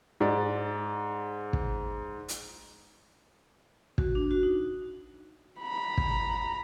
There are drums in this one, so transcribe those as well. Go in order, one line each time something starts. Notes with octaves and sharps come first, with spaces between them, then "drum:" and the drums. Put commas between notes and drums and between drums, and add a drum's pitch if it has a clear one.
G#2 D5
drum: kick
drum: hi-hat
F#4, drum: kick
D4
F#4
D#4
A#5 B5
drum: kick